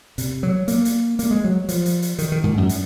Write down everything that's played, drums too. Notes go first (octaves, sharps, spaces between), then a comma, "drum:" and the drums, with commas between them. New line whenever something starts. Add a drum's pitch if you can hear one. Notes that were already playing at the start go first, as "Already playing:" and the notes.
C3, drum: hi-hat
F#3
A#3, drum: hi-hat
drum: hi-hat
A#3, drum: hi-hat
G#3
F#3
F3, drum: hi-hat
drum: hi-hat
drum: hi-hat
D#3, drum: hi-hat
D#3
G#2
F#2
drum: hi-hat